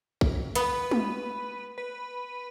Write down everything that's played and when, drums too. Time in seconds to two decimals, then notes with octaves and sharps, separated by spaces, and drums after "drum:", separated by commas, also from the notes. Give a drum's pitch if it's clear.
0.21 drum: kick
0.55 B3 B4, drum: hi-hat
0.91 drum: tom
1.78 B4